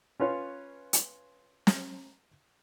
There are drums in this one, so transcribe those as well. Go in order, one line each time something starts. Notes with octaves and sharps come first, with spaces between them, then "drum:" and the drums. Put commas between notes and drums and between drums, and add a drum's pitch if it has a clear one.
C#4 F4 B4 C#5
drum: hi-hat
drum: snare